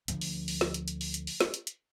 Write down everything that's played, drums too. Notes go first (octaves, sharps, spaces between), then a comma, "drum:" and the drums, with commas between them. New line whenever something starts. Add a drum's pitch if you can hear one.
D2 F3, drum: hi-hat
drum: open hi-hat
drum: open hi-hat
drum: snare
drum: hi-hat
drum: hi-hat
drum: open hi-hat
drum: hi-hat
drum: open hi-hat
drum: snare
drum: hi-hat
drum: hi-hat